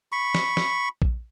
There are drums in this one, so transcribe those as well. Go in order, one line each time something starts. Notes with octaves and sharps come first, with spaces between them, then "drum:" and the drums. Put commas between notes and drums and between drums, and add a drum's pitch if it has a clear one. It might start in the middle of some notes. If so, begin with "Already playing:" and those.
B5 C#6
drum: snare
drum: snare
drum: kick A#1